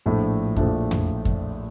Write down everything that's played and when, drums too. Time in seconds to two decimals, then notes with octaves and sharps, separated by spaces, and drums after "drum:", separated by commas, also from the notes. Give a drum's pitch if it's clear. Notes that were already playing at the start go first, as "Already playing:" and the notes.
0.06 A#1 A2 F3 A3 D4
0.57 A#1 A2 F3 A3 D4, drum: kick F2
0.91 drum: tom F2
1.25 drum: kick F2